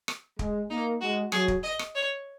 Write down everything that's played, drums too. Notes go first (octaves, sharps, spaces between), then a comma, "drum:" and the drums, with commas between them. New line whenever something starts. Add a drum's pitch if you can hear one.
drum: rim click
G#3, drum: kick
A#3 D#4
G#3 F#4
F#3 G#4, drum: rim click
drum: kick
D#5
drum: rim click
C#5